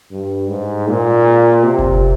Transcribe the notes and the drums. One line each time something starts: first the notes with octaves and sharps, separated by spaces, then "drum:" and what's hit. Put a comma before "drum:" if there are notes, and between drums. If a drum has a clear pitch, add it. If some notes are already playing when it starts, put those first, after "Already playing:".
G2
G#2
A#2
C3
drum: kick F#1